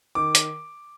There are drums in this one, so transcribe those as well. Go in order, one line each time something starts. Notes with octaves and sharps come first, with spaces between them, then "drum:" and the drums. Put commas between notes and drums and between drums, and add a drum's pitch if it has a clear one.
D#3 D6
drum: hi-hat